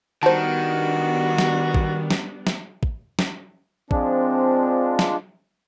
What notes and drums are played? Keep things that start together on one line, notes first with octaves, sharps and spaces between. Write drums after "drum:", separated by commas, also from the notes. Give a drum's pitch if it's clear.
D#3 G3 B3 D4 F#4 C5 A5
drum: snare
drum: kick
drum: snare
drum: snare
drum: kick
drum: snare
F3 G#3 C4 D4, drum: kick
drum: snare